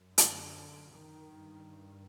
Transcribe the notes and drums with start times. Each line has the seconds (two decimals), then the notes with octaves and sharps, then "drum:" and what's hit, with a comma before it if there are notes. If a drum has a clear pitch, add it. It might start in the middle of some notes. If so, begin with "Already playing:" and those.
Already playing: F#2
0.18 D3, drum: hi-hat
0.91 D#3
1.28 G2